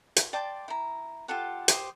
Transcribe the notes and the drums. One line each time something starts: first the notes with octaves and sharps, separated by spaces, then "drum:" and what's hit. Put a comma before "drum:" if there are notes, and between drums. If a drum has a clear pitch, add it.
drum: hi-hat
D5 G5 A5 C6
E4 A#5
F4 G4 A4 F#5
G4 C5 D#6, drum: hi-hat